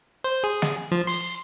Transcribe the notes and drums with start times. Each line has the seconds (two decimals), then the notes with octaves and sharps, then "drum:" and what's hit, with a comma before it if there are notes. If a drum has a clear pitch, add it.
0.24 C5
0.44 G#4
0.62 drum: snare
0.92 F3
1.07 C6, drum: open hi-hat